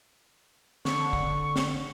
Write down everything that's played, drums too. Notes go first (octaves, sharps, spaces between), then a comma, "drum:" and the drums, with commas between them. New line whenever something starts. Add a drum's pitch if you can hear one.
D3 C#6, drum: snare
drum: kick
drum: snare